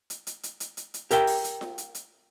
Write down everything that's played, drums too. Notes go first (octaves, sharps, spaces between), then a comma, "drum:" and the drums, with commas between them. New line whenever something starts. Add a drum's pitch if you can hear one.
drum: hi-hat
drum: hi-hat
drum: hi-hat
drum: hi-hat
drum: hi-hat
drum: hi-hat
G4 A#4 E5 G5, drum: hi-hat
drum: open hi-hat
drum: hi-hat
drum: snare F4
drum: hi-hat
drum: hi-hat